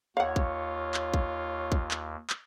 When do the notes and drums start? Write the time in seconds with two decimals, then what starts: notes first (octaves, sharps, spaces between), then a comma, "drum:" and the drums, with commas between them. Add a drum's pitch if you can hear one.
0.17 D#2 F4 C#5 F5 F#5
0.36 drum: kick
0.94 drum: clap
1.14 drum: kick
1.72 drum: kick
1.91 drum: clap
2.30 drum: clap